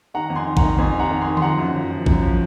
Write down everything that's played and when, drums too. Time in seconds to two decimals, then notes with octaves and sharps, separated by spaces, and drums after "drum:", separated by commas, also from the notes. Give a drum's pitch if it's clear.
0.14 D#3 F#5 A#5
0.30 F2
0.36 G#5 C6
0.46 D#3
0.57 F#5 A#5, drum: kick A1
0.62 D#3
0.78 F2 G#5 C6
0.90 D#3 G#5
0.99 F#5 A#5
1.11 D#3
1.21 G#5 C6
1.27 D#3
1.37 C6, drum: tom D3
1.42 F3 F#5 A#5
1.58 F#2
1.74 F3
1.91 F3
2.06 F#2, drum: kick A1
2.22 F3